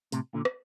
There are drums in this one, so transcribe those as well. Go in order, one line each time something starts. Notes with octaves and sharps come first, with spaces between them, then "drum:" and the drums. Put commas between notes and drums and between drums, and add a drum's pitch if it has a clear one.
A2 C3, drum: hi-hat
A#2 D3
drum: rim click